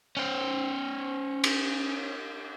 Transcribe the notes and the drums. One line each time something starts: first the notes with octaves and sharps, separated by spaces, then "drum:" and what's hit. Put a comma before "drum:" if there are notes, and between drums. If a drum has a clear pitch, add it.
C#4 C5
drum: cymbal